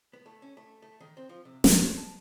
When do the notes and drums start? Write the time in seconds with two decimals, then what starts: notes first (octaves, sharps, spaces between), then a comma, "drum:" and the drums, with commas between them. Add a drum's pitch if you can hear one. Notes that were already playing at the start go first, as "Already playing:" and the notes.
0.13 B3
0.26 A3
0.42 C#4
0.57 A3
0.82 A3
1.00 D#3
1.17 C4
1.29 F3
1.45 C3
1.64 D#5, drum: snare
1.78 G#3
1.97 A5